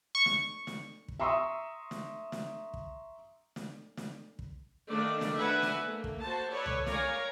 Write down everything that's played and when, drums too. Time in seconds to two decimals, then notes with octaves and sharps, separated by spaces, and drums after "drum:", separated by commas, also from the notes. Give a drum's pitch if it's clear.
0.15 C#6
0.26 drum: snare
0.67 drum: snare
1.08 drum: kick
1.20 E5 A#5 C6 C#6 D#6 E6
1.91 drum: snare
2.32 drum: snare
2.74 drum: kick
3.56 drum: snare
3.97 drum: snare
4.39 drum: kick
4.89 D#3 A3 A#3 D4 D5
5.21 drum: snare
5.38 D4 F#4 B4 E5 F#5 G#5
5.63 drum: snare
5.83 A3 A#3
6.04 drum: kick
6.21 F#4 C5 A5
6.52 A4 B4 C#5 D5
6.66 drum: tom C2
6.86 A#4 C#5 D5 F5 G#5 A#5, drum: snare